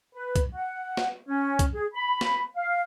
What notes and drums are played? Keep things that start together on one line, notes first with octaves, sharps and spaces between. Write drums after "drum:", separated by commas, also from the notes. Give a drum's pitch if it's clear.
B4
drum: kick, hi-hat
F#5
drum: snare
C#4
drum: kick, hi-hat
G#4
B5
drum: snare
F5